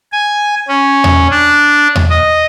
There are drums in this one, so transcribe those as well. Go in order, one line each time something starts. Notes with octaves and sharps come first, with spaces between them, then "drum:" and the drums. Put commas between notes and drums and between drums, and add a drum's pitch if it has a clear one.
G#5
C#4
drum: tom E2
D4
drum: tom E2
D#5